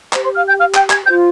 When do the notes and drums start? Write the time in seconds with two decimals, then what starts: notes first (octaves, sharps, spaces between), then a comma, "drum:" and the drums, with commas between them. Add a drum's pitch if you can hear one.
0.13 G4 C5, drum: clap
0.24 C5 C6
0.36 F5 F6
0.47 G5 G6
0.59 F5 F6
0.75 G5 G6, drum: clap
0.90 G#5 G#6, drum: clap
1.05 F4 C5 G5 G6